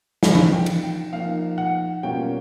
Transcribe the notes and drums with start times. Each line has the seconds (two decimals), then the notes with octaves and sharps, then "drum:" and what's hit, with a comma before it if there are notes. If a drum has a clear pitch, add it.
0.23 F3 A#3 D#4 F5, drum: snare
0.35 drum: tom E3
0.53 G5
0.66 drum: cymbal
0.83 G5
1.13 F3 A#3 D#4 F5
1.58 F#5
2.03 B2 G3 A#3 C#4 F4 G5